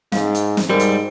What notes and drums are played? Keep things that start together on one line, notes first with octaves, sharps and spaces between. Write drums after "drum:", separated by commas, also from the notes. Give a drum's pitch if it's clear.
G#2 F5, drum: snare
drum: hi-hat
drum: snare
G#2 G3 F#4 A#4 C5
drum: hi-hat